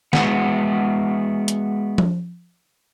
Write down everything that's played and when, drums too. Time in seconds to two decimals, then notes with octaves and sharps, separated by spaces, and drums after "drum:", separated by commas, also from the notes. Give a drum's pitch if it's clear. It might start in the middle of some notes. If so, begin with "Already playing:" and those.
0.13 G#3 B3 F#4 F#5, drum: snare
1.48 drum: hi-hat
1.98 drum: tom F3